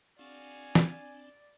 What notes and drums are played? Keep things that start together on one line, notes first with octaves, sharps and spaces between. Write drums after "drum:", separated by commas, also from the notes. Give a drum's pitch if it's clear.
C4 D4 F#4 G#4 D5 F5 G#5
drum: snare